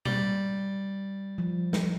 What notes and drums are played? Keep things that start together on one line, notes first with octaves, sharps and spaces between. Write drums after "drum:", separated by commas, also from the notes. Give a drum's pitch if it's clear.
G3, drum: tom B2
F3
drum: snare